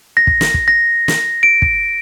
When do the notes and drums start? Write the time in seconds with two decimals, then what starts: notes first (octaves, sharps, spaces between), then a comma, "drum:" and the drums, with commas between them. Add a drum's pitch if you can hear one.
0.17 A#6
0.27 drum: kick
0.41 drum: snare
0.54 drum: kick
0.68 A#6
1.08 drum: snare
1.43 D7
1.62 drum: kick